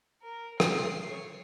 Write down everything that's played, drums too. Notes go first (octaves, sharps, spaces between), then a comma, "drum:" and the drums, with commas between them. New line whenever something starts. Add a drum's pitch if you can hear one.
A#4
C7, drum: rim click
C#5